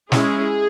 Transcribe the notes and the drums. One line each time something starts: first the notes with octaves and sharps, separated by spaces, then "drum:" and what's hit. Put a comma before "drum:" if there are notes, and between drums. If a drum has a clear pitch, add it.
G#3 C#4 E4 G#4, drum: snare